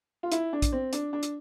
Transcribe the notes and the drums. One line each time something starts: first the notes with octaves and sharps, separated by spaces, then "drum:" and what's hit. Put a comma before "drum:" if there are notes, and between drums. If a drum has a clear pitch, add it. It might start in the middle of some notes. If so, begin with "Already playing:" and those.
F4
E4, drum: hi-hat
D4
drum: kick, hi-hat
C4
D4, drum: hi-hat
D4
drum: hi-hat